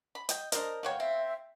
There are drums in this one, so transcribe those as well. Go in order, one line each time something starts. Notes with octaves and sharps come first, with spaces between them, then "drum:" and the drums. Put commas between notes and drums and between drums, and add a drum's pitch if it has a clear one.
B5
D#5 G5, drum: hi-hat
D4 A#4 C5 D#5, drum: hi-hat
B2 F#4 C#5 F5 G5
C4 E5